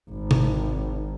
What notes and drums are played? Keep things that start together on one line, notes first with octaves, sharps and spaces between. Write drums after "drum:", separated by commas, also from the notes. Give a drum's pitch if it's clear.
G#1
drum: tom C3